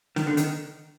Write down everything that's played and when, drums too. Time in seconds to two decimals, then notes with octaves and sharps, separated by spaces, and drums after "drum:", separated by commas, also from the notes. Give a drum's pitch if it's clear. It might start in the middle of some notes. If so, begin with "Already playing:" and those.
0.16 D#3, drum: snare
0.27 D3
0.37 D#3, drum: hi-hat